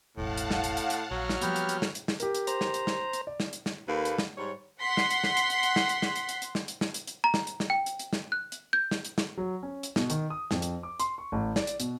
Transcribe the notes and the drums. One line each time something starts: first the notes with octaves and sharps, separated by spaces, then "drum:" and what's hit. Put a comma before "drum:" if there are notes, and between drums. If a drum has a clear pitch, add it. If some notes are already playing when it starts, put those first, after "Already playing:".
E1 A1 A2 F5 F#5 A5
drum: hi-hat
drum: snare
drum: hi-hat
drum: hi-hat
drum: hi-hat
A#1 F#3 F6
drum: snare
F3 G3 A#3 B3 G4, drum: hi-hat
drum: hi-hat
drum: hi-hat
drum: snare
drum: hi-hat
drum: snare
G4 A#4, drum: hi-hat
drum: hi-hat
C5 A#5, drum: hi-hat
drum: snare
drum: hi-hat
drum: snare
drum: hi-hat
D5
drum: snare
drum: hi-hat
drum: snare
D#2 A#3 A4 B4
drum: hi-hat
drum: snare
G#2 G3 C#5
F#5 C6 B6
drum: snare
drum: hi-hat
drum: snare
drum: hi-hat
drum: hi-hat
drum: hi-hat
drum: snare
drum: hi-hat
drum: snare
drum: hi-hat
drum: hi-hat
drum: hi-hat
drum: snare
drum: hi-hat
drum: snare
drum: hi-hat
drum: hi-hat
A#5
drum: snare
drum: hi-hat
drum: snare
G5
drum: hi-hat
drum: hi-hat
drum: snare
F#6
drum: hi-hat
G6
drum: snare
drum: hi-hat
drum: snare
F#3
C#4
drum: hi-hat
B2, drum: snare
D#3, drum: hi-hat
D#6
F2, drum: snare
drum: hi-hat
D6
C6, drum: hi-hat
C#6
A1
D5, drum: snare
drum: hi-hat
B2, drum: hi-hat